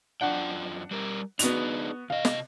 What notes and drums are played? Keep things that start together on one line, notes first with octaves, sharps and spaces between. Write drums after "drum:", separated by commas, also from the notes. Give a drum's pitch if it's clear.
F#2 D4 F4 F#5 G5
G3 G4 A#4
B3 D4 D#4 F#4 G#4 F7, drum: hi-hat
C3 D#5 F5
drum: snare